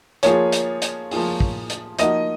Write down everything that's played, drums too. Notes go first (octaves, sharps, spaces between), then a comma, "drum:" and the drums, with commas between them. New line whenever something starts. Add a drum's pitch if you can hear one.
F3 A#3 F4 G#4 C#5, drum: hi-hat
drum: hi-hat
drum: hi-hat
F3 A#3 F4 G#4, drum: open hi-hat
drum: kick
drum: hi-hat
F3 A#3 D#4 F#4 D#5, drum: hi-hat